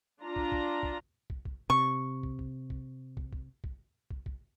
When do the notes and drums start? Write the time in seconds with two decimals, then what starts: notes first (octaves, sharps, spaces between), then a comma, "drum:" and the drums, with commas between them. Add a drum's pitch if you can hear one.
0.21 D4 F4 A#5
0.36 drum: kick
0.52 drum: kick
0.83 drum: kick
1.30 drum: kick
1.45 drum: kick
1.70 C3 C#6
2.23 drum: kick
2.39 drum: kick
2.70 drum: kick
3.17 drum: kick
3.33 drum: kick
3.64 drum: kick
4.11 drum: kick
4.26 drum: kick